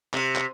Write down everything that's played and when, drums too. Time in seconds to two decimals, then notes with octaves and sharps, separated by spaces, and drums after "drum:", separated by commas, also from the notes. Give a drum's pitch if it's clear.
0.14 C3, drum: clap
0.36 drum: clap